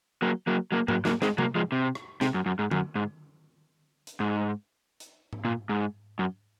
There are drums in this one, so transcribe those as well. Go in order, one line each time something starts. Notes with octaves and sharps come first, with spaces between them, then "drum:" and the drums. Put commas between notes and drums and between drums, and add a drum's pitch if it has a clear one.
F#3 A#3
F#3 A#3
F#3 A#3
F#3 A#3, drum: tom G#2
F#3 A#3, drum: snare
G#3 C4, drum: snare
F#3 A#3, drum: tom C3
F3 G#3
C3
drum: rim click
C3, drum: snare
F#2
F#2
G#2
F#2, drum: tom D3
G#2
drum: hi-hat
G#2
drum: hi-hat
drum: tom G#2
A#2
G#2
F#2